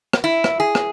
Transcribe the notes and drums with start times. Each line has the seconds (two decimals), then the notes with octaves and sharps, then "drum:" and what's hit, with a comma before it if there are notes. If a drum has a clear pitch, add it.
0.13 drum: rim click
0.24 E4
0.44 drum: rim click
0.60 G#4
0.75 drum: rim click